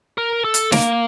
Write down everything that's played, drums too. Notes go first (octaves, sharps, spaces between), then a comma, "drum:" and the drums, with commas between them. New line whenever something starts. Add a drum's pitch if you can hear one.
A#4
A4
drum: hi-hat
A#3, drum: snare